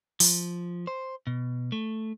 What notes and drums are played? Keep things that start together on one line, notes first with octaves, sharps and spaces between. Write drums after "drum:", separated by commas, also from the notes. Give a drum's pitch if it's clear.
F3, drum: open hi-hat
C5
B2
A3